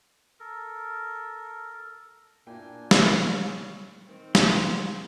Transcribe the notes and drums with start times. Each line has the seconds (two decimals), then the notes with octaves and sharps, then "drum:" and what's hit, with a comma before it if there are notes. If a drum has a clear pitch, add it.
0.40 A4 A#4
2.47 A#2 A#3 D4 E4 G5 G#5
2.91 C#4, drum: snare
4.07 D#3 C4
4.35 C6, drum: snare